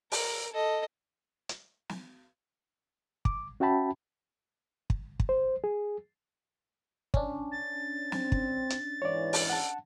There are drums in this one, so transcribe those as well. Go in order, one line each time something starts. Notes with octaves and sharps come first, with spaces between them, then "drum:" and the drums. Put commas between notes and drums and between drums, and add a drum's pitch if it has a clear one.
A#4, drum: open hi-hat
A4 D#5
drum: hi-hat
drum: snare
D6, drum: kick
C#4 F#4 E5 G5 A5 B5
drum: kick
drum: kick
C5
G#4
C#4 D4, drum: kick
A6
C4, drum: snare
drum: kick
drum: hi-hat
G#2 E3 C#5 D5
drum: open hi-hat
F#5 A5